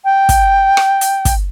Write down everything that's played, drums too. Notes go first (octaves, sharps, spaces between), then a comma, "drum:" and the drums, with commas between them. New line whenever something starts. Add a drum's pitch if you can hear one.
G5
drum: kick, hi-hat
drum: rim click
drum: hi-hat
drum: kick, hi-hat